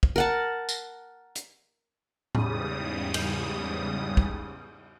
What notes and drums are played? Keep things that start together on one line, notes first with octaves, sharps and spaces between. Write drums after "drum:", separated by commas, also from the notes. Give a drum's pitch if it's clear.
drum: kick
A#4 F#5 A5
drum: tambourine
drum: hi-hat
E2 G#2 C#3 G3 D#6, drum: tom
drum: cymbal
drum: kick